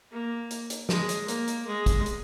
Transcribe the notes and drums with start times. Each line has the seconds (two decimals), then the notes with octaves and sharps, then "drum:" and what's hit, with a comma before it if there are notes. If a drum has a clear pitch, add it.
0.12 A#3
0.50 drum: hi-hat
0.70 drum: hi-hat
0.89 G#3, drum: snare
1.09 drum: hi-hat
1.28 A#3, drum: hi-hat
1.47 drum: hi-hat
1.67 G#3
1.86 drum: kick, hi-hat
2.06 drum: hi-hat